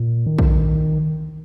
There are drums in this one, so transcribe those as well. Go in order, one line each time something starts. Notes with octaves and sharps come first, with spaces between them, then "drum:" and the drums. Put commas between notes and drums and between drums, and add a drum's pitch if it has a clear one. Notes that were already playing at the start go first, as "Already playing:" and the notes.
Already playing: A#2
D#3
drum: kick A#1